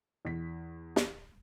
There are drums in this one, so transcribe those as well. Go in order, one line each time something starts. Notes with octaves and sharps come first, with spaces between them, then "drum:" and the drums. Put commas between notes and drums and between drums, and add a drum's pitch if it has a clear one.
E2 E3 B6
drum: snare